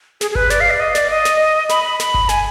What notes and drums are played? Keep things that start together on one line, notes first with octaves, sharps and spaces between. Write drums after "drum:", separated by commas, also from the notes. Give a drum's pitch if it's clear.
G#4, drum: snare
G#4
B4, drum: kick G1
D5, drum: snare
F5
D5
D#5
D5, drum: snare
D#5
drum: snare
B5, drum: snare
B5
B5, drum: snare
drum: kick G1
G#5, drum: snare